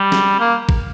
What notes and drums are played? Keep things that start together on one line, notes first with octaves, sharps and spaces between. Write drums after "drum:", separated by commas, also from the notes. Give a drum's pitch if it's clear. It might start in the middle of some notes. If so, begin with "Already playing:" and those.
Already playing: G3
drum: snare
A#3
drum: kick A1